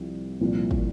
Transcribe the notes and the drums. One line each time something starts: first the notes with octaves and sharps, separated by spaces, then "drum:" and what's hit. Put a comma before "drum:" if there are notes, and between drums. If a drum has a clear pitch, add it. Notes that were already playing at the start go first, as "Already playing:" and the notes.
Already playing: C2 C3 F3
C2 A#2 F3
drum: kick